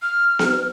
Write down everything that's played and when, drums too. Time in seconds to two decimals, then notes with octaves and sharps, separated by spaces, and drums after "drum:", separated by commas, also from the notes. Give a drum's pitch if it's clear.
0.02 F6
0.39 drum: snare B3